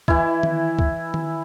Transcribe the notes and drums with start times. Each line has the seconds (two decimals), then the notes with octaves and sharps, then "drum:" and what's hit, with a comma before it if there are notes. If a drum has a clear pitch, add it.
0.08 E3 E4, drum: kick
0.43 drum: tom D#3
0.79 drum: kick
1.14 drum: tom D#3